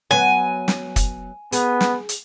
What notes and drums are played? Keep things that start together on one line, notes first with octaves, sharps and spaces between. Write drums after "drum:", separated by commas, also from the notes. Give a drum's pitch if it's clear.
F#3 B3 G#5
drum: snare
drum: kick, hi-hat
B3 G#4, drum: hi-hat
drum: snare
drum: hi-hat